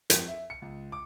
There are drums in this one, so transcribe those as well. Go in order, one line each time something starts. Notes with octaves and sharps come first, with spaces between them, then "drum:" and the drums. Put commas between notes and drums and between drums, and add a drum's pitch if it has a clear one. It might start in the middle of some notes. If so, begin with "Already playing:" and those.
F2, drum: hi-hat
E5
C#7
C#2
D6